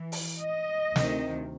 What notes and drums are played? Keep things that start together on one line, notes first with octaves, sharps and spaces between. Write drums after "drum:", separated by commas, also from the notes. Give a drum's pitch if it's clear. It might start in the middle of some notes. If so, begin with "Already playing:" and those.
Already playing: E3
drum: open hi-hat
D#5
D2 C3 D#3, drum: snare